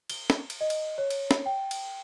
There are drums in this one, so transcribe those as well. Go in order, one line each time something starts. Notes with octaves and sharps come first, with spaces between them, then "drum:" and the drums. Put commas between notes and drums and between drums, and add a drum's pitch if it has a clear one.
G7, drum: cymbal
drum: snare
drum: cymbal
D#5
drum: cymbal
C#5
drum: cymbal
drum: snare
G5
drum: cymbal